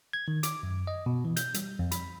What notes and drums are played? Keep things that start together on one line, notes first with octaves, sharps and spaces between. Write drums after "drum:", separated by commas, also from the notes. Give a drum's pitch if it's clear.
G#6
D#3
D6, drum: hi-hat
F#2
D#5
B2
E3
G6, drum: hi-hat
G3, drum: hi-hat
F2
B5, drum: hi-hat